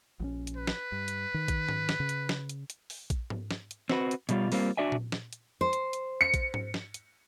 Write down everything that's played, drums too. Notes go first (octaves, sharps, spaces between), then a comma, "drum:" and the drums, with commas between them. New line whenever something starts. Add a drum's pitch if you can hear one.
A#1 F3 C#4
drum: hi-hat
B4
drum: snare
G2
drum: hi-hat
D#3
drum: kick A#1, hi-hat
drum: tom G#2
drum: snare
C#3
drum: hi-hat
drum: snare
drum: hi-hat
drum: hi-hat
drum: open hi-hat
drum: kick A#1, hi-hat
drum: tom G#2
drum: snare
drum: hi-hat
C4 F#4 B4, drum: snare
drum: hi-hat
B2 G3 F4, drum: hi-hat
G3 A#3 C4 F4, drum: open hi-hat
D4 F#4 D5 E5 G#5
drum: tom A#2
drum: snare
drum: hi-hat
C5
drum: hi-hat
drum: hi-hat
C#7
drum: kick A#1, hi-hat
drum: tom G#2
drum: snare
drum: hi-hat